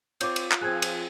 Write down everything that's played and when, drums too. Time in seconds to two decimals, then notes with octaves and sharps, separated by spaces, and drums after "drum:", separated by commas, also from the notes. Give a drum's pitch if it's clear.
0.21 C4 F4 C#5 D6 G6, drum: cymbal
0.36 drum: cymbal
0.51 drum: clap
0.62 F3 C4 G#4 F#6 G#6
0.82 drum: cymbal